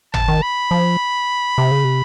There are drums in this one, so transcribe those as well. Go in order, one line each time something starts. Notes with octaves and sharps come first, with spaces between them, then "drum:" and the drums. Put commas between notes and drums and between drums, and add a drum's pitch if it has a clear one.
A5, drum: tom G#1
D#3
B5
F3
C3
C#3
C3